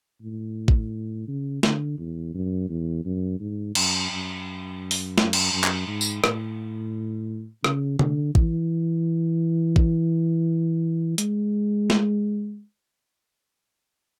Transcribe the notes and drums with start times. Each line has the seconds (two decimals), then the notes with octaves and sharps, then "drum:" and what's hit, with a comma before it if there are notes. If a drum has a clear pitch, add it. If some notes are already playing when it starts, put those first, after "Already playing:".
0.22 A2
0.68 drum: kick
1.28 C#3
1.63 D3, drum: snare
1.99 E2
2.34 F#2
2.70 E2
3.05 F#2
3.40 G#2
3.75 F#2, drum: cymbal
4.11 F#2
4.91 drum: open hi-hat
5.18 drum: snare
5.33 drum: cymbal
5.53 F#2
5.64 drum: clap
5.87 G#2
6.01 drum: tambourine
6.24 A2, drum: rim click
7.64 C#3, drum: rim click
7.99 D3, drum: tom
8.35 E3, drum: kick
9.76 drum: kick
11.18 G#3, drum: hi-hat
11.90 drum: snare